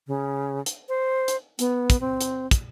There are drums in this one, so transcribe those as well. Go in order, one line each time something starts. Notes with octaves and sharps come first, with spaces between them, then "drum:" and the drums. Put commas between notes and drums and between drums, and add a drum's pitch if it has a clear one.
C#3
drum: hi-hat
C5
drum: hi-hat
B3, drum: hi-hat
drum: kick, hi-hat
C4
drum: hi-hat
drum: kick, hi-hat